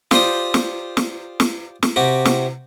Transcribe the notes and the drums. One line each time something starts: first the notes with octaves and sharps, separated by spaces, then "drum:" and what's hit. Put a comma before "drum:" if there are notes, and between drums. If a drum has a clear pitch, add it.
F4 G4 C5 D5 D#6, drum: snare
drum: snare
drum: snare
drum: snare
drum: snare
C3 F#4 G4
drum: snare